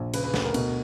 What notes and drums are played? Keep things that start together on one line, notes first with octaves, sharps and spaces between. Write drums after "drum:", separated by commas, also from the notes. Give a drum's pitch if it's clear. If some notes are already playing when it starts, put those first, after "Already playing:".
Already playing: A#1
C#3 B4, drum: cymbal
B4
D2, drum: snare
A#4
B2, drum: cymbal